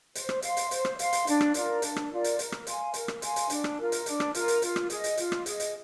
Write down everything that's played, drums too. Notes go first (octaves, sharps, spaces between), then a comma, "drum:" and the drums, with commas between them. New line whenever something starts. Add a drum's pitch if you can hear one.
C5, drum: hi-hat
drum: rim click
F5 C6, drum: hi-hat
drum: hi-hat
C5, drum: hi-hat
drum: rim click
F5 C6, drum: hi-hat
drum: hi-hat
D4, drum: hi-hat
drum: rim click
F4 A#4 D5, drum: hi-hat
D4, drum: hi-hat
drum: rim click
F4 A#4 D5
drum: hi-hat
A#4, drum: hi-hat
drum: rim click
F5 G#5 C6, drum: hi-hat
A#4, drum: hi-hat
drum: rim click
F5 G#5 C6, drum: hi-hat
drum: hi-hat
D4, drum: hi-hat
drum: rim click
F4 A#4
drum: hi-hat
D4, drum: hi-hat
drum: rim click
F4 A#4, drum: hi-hat
drum: hi-hat
F4, drum: hi-hat
drum: rim click
G#4 D#5, drum: hi-hat
drum: hi-hat
F4, drum: hi-hat
drum: rim click
G#4 D#5, drum: hi-hat
drum: hi-hat